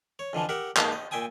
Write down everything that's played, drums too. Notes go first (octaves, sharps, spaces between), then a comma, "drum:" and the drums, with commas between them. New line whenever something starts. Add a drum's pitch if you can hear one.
C#5
F2 D3 E3 F3
G4 A#4 E5 F#5
G#2 A#3 F5 A5 A#5, drum: clap
D#5
A#2 E5 G5 G#5 D#6